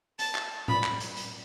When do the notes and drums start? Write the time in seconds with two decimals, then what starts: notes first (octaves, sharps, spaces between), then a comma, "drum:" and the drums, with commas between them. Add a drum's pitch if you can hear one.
0.19 A5, drum: hi-hat
0.35 drum: clap
0.68 B5, drum: tom A2
0.84 drum: clap
1.00 drum: hi-hat
1.17 drum: hi-hat